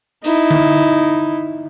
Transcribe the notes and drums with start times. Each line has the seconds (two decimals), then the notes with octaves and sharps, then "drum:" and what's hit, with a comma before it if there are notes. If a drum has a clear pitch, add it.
0.24 D#4 E4, drum: hi-hat
0.51 drum: tom D3